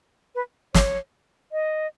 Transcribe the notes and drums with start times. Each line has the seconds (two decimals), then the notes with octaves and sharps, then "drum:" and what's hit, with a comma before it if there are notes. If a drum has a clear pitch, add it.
0.35 B4
0.74 C#5, drum: snare
1.52 D#5